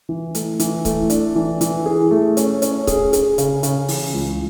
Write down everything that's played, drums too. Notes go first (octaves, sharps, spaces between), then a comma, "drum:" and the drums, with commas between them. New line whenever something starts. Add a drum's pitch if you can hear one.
E3
A3, drum: hi-hat
E3, drum: hi-hat
A3, drum: kick C#1, hi-hat
D4, drum: hi-hat
E3
E3, drum: hi-hat
G#4
A3
C#4, drum: hi-hat
C#4, drum: hi-hat
G#4, drum: kick C#1, hi-hat
G#4, drum: hi-hat
C#3, drum: hi-hat
C#3, drum: hi-hat
E3, drum: open hi-hat
C#2